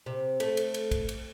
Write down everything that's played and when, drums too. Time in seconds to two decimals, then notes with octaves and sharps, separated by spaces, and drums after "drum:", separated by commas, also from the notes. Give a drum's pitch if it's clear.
0.06 C3
0.40 A3, drum: cymbal
0.57 drum: cymbal
0.74 drum: cymbal
0.91 drum: kick, cymbal
1.09 drum: cymbal